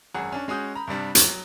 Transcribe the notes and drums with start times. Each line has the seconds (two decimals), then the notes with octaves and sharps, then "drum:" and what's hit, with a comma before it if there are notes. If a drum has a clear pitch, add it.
0.14 G#1 F#2 G#4 F#5
0.32 C#4 D4
0.48 G#3 C#4 F#4 D#6 G6
0.75 A#5 B5
0.87 G2 C3 G3 D4
1.15 F#3, drum: hi-hat